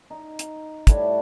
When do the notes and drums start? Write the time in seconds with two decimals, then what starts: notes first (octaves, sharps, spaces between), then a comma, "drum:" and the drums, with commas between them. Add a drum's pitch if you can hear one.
0.10 D#4
0.39 drum: hi-hat
0.87 A2 G3 D4 C#5, drum: kick, hi-hat